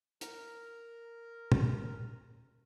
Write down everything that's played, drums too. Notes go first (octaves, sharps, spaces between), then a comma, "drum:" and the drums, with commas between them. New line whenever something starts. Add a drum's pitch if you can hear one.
A#4 A#5, drum: hi-hat
drum: tom